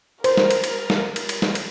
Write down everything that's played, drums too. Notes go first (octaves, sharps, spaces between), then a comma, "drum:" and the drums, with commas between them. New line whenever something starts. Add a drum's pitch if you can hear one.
A#4 C5, drum: cymbal
drum: snare
drum: cymbal
drum: cymbal
drum: snare
drum: cymbal
drum: cymbal
drum: snare
drum: cymbal